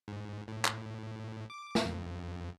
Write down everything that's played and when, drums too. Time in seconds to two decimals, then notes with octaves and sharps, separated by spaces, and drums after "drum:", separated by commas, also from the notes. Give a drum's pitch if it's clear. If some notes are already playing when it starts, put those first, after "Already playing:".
0.08 G#2
0.48 A2
0.65 drum: clap
1.50 D6
1.75 drum: snare
1.86 F2